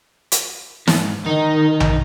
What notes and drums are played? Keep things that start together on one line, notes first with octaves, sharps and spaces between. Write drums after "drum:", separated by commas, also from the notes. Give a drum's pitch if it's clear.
drum: hi-hat
G#2, drum: snare
D#3 D#4
drum: tom A#1